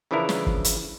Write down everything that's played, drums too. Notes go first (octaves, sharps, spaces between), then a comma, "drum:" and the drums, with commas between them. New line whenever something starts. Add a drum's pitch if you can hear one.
C#3 E3 F3 D4 E4 A#4
drum: snare
drum: kick
drum: hi-hat